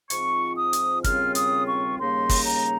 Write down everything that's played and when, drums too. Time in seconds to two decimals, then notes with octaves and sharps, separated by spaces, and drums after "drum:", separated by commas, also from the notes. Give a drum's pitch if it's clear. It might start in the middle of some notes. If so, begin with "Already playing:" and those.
0.10 G#2 F3 C4 F4 C#6, drum: hi-hat
0.58 D#6
0.73 drum: hi-hat
1.04 D#2 C#3 G3 C4 F4 F6, drum: kick, hi-hat
1.35 D#6, drum: hi-hat
1.67 C#6
1.98 D#2 C#3 G3 A#3 D#4 C6
2.29 drum: kick, open hi-hat
2.45 A#5